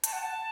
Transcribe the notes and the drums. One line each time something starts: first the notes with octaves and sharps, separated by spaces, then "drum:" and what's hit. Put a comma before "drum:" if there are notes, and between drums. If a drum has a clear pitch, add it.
A5, drum: hi-hat
F#5
A5